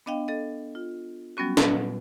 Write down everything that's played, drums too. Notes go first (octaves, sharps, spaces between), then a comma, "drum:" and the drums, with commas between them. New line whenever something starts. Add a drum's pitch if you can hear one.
B3 D4 D#5 F5 G5
A4 D#5
F4
F#3 G3 B3 C#4 F#4
A#2 B4, drum: snare